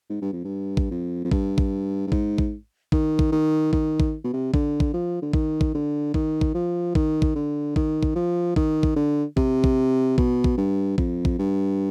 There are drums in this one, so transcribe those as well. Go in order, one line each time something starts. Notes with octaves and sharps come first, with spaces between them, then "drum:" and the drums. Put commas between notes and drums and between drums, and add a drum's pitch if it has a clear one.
G#2
G2
F2
G2
drum: kick A1
F2
F2
G2, drum: kick A1
drum: kick A1
G2
G#2, drum: kick A1
drum: kick A1
D#3, drum: kick A1
drum: kick A1
D#3
D#3, drum: kick A1
drum: kick A1
B2
C3
D3, drum: kick A1
drum: kick A1
F3
D3
D#3, drum: kick A1
drum: kick A1
D3
D#3, drum: kick A1
drum: kick A1
F3
D#3, drum: kick A1
drum: kick A1
D3
D#3, drum: kick A1
drum: kick A1
F3
D#3, drum: kick A1
drum: kick A1
D3
C3, drum: kick A1
drum: kick A1
B2, drum: kick A1
drum: kick A1
G2
F2, drum: kick A1
drum: kick A1
G2